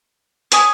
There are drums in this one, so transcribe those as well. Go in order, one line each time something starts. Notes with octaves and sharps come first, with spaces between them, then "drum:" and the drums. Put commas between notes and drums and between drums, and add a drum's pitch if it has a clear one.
C#5 G#5 D#6, drum: hi-hat